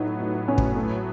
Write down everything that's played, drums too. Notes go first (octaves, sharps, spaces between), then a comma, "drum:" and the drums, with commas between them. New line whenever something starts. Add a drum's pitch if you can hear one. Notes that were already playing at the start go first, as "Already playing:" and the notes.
Already playing: A2 F#3 B3 D#4
D#4
C#4
drum: kick
A3